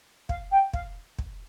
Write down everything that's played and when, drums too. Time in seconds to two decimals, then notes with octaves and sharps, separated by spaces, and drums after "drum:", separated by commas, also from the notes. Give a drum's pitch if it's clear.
0.29 F5, drum: kick
0.52 G5
0.74 F5, drum: kick
1.19 drum: kick